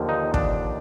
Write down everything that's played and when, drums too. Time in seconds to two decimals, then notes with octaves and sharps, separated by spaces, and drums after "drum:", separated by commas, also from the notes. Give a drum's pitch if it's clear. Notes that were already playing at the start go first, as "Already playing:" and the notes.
Already playing: D#2 D3 F3
0.09 D#4
0.34 D4, drum: kick